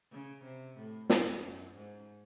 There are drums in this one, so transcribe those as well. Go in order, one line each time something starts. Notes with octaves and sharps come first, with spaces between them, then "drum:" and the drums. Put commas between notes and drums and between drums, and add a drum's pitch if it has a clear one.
C#3
C3
A2
G#2, drum: snare
F#2
G#2